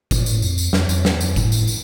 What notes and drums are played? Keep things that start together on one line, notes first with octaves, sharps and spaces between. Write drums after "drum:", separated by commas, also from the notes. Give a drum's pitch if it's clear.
A#2, drum: kick G1, tambourine
A2, drum: tambourine
F2, drum: tambourine
drum: tambourine
F2, drum: snare
F2, drum: tambourine
E2, drum: snare
F2, drum: tambourine
A2, drum: kick G1, tambourine
drum: tambourine
drum: tambourine